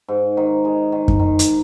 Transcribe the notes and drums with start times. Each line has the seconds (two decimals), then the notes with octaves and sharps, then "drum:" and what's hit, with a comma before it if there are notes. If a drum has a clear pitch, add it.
0.08 G#2
0.37 D#3
0.65 G#3
0.92 D#3
1.08 drum: kick F#2
1.19 D#3
1.39 drum: hi-hat